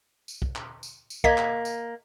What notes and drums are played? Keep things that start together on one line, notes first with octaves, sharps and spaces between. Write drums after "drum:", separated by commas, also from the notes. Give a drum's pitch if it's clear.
drum: tambourine
drum: kick
drum: clap
drum: tambourine
drum: tambourine
A#3 D#5 G#6 B6, drum: kick
drum: clap
drum: tambourine